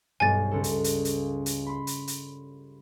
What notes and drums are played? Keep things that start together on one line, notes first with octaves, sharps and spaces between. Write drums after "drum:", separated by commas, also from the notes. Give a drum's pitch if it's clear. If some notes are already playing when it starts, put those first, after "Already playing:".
B1 G2 B2 G#5 A6
C#2 A4
drum: hi-hat
drum: hi-hat
drum: hi-hat
drum: hi-hat
B5 C6
drum: hi-hat
drum: hi-hat